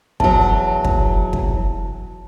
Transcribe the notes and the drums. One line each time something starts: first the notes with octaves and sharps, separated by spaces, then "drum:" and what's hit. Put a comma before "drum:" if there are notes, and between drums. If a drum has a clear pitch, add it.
E2 F#3 A5, drum: kick
drum: kick
drum: kick